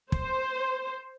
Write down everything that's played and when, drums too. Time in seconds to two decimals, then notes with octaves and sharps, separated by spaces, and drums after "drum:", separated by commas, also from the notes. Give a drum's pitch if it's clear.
0.12 C5, drum: kick